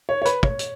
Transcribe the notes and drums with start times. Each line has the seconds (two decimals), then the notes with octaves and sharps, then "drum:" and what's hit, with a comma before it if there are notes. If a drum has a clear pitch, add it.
0.09 C#5
0.22 C#5
0.25 B4, drum: hi-hat
0.43 C#5, drum: kick
0.59 drum: hi-hat